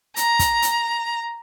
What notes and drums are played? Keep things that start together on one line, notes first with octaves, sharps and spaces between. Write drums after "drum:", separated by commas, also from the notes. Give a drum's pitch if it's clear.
A#5, drum: hi-hat
drum: kick, hi-hat
drum: hi-hat